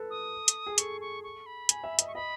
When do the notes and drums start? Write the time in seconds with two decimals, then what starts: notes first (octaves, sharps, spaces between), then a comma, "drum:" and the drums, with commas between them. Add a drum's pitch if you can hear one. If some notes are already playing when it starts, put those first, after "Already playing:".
Already playing: A4 B4
0.10 D#6
0.48 drum: hi-hat
0.66 G#4
0.78 A4 C#6, drum: hi-hat
1.01 C#6
1.24 C#6
1.46 B5
1.69 G#5, drum: hi-hat
1.84 E5
1.99 D#5, drum: hi-hat
2.08 C#6
2.15 D#5 B5